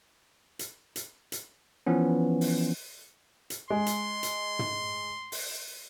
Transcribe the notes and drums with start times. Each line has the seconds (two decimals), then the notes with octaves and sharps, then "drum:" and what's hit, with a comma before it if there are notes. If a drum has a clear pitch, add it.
0.59 drum: hi-hat
0.96 drum: hi-hat
1.32 drum: hi-hat
1.86 E3 F3 B3 C#4
2.41 drum: open hi-hat
3.50 drum: hi-hat
3.70 G#3 C6
3.86 drum: hi-hat
4.23 drum: hi-hat
4.59 drum: tom
5.32 drum: open hi-hat